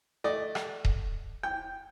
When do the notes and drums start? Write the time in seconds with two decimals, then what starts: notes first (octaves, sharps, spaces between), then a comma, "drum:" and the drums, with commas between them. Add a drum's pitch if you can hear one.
0.24 A3 D5 D#5
0.55 drum: rim click
0.85 drum: kick D#1
1.43 G5